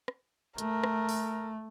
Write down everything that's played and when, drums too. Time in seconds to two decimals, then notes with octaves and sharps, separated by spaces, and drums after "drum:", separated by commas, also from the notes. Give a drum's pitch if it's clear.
0.08 drum: rim click
0.58 A3 A#4, drum: hi-hat
0.84 drum: rim click
1.09 drum: open hi-hat